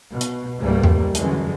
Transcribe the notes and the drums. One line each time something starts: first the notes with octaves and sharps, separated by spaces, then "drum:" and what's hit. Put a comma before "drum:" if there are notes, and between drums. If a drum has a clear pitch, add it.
B2
drum: hi-hat
C#2 G#2 G3 A3 A#3
drum: tom E2
F#2 D3 E3 G#3, drum: hi-hat